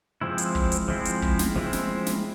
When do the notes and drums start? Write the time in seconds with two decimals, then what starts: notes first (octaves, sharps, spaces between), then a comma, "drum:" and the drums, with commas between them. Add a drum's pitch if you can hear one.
0.21 F3 G#3 C4 E4
0.38 drum: hi-hat
0.55 drum: kick
0.72 drum: hi-hat
0.88 F3 G#3 C4 E4
1.05 drum: hi-hat
1.22 drum: kick
1.39 drum: snare
1.56 F3 G#3 C4 E4
1.73 drum: snare
2.06 drum: snare